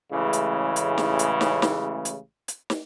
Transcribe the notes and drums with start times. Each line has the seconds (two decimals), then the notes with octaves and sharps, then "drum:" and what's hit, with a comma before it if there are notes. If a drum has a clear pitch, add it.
0.12 A1 A2 C#3 E3 G#3
0.33 drum: hi-hat
0.76 drum: hi-hat
0.98 drum: snare
1.19 drum: hi-hat
1.41 drum: snare
1.62 drum: snare
2.05 drum: hi-hat
2.48 drum: hi-hat
2.70 drum: snare